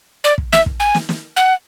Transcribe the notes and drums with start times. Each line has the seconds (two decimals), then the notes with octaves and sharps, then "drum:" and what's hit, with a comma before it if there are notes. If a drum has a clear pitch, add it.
0.24 D5
0.38 drum: kick
0.53 E5, drum: snare
0.66 drum: kick
0.80 G#5
0.95 drum: snare
1.09 drum: snare
1.36 F#5